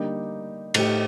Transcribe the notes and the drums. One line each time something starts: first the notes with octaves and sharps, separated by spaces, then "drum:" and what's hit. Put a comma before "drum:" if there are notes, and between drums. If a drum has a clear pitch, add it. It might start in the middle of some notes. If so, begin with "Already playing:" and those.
Already playing: D3 G3 A#3 D#4 G4
A2 A3 D#4 G4, drum: cymbal